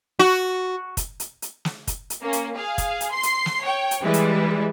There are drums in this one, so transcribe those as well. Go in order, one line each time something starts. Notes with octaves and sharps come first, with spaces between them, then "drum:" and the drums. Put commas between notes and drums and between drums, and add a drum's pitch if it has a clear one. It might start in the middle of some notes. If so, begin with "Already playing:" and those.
F#4
drum: kick, hi-hat
drum: hi-hat
drum: hi-hat
drum: snare
drum: kick, hi-hat
drum: hi-hat
A#3 C#4
drum: hi-hat
G#4 F5
drum: kick, hi-hat
drum: hi-hat
C6 C7
drum: hi-hat
drum: snare
C#5 G5
drum: hi-hat
E3 G3 G#3 E4 B4
drum: hi-hat